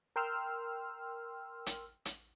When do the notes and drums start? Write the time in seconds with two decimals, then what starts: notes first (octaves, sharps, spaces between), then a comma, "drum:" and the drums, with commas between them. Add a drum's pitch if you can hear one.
0.16 A#4 G5 C6 E6 F6
1.66 drum: hi-hat
2.05 drum: hi-hat